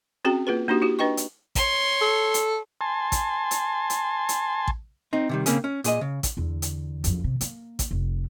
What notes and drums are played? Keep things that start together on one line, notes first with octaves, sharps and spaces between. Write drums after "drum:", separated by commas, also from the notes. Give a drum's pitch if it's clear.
C4 C#4 F#4 G#4 G5
A#3 F4 G#4 B4
A#3 D4 D#4 F#4 G4
E4 F#4 G4
D4 B4 D#5 G5 C#6
drum: hi-hat
C#5 C6, drum: kick A1, hi-hat
A4
drum: hi-hat
G#5 A5 C6
drum: kick A1, hi-hat
drum: hi-hat
drum: hi-hat
drum: hi-hat
drum: kick A1
C4 D#4
C3 D#3 G3
C#3 A#3 C4 C#4 G#4, drum: hi-hat
C#4
A#2 G#4 D#5, drum: hi-hat
C#3
drum: kick A1, hi-hat
E2 D3
drum: hi-hat
F#1 F2, drum: hi-hat
C3
A#3, drum: hi-hat
drum: kick A1, hi-hat
F1